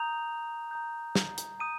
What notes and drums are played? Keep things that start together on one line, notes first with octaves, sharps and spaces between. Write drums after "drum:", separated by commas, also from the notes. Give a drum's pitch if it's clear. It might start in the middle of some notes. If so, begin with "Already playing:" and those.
Already playing: A#5 D#6 G6 F7
A#5 D#6 G6
drum: snare
drum: hi-hat
A#5 D#6 G6 D#7